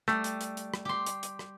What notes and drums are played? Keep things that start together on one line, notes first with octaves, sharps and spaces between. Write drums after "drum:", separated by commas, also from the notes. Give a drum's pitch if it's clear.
G3 A3, drum: rim click
drum: hi-hat
drum: hi-hat
drum: hi-hat
drum: rim click
G4 C6
drum: hi-hat
drum: hi-hat
drum: rim click